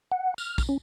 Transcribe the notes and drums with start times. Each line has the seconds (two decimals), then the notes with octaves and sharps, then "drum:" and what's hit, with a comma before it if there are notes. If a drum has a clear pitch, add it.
0.12 F#5
0.38 F6, drum: tambourine
0.58 drum: kick, tambourine
0.69 C#4